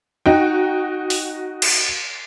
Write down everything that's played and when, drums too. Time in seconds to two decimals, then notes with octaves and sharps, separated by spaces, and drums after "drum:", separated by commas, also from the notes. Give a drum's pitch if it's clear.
0.26 D#4 F#4 G5
1.10 drum: open hi-hat
1.62 drum: cymbal